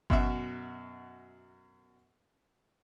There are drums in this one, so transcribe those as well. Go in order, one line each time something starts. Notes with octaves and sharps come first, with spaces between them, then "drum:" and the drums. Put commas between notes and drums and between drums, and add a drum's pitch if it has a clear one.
F#2 B2 F#4 E5, drum: kick G1